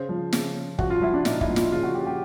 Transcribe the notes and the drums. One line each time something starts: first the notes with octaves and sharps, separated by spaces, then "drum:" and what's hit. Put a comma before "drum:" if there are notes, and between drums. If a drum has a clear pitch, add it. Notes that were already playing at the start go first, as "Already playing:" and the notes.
Already playing: C#3 C5
F3
C#3, drum: snare
C#3
F3 F#4, drum: kick
F4
F3 E4
D4
A#2 D#4, drum: snare
E4, drum: kick
F3
F4, drum: snare
C#3 F4
F#4
C#3 G4
G4